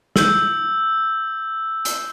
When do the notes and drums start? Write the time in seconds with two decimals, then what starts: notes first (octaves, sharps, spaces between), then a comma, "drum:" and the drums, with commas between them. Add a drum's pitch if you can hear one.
0.16 E6 G6, drum: snare
1.85 drum: hi-hat